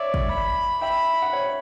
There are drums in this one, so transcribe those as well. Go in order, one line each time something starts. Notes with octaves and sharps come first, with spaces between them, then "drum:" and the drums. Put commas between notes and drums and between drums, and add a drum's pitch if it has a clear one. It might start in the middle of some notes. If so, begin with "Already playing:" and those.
Already playing: C#5 D5 E5
drum: kick
B5
E5 G5 B5
F#5
C#5 E5